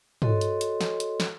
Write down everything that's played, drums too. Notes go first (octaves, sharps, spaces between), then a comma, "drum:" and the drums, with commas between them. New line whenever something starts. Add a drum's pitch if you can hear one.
F#4 A4 C#5 D#5 C6, drum: tom
drum: hi-hat
drum: hi-hat
drum: snare
drum: hi-hat
drum: snare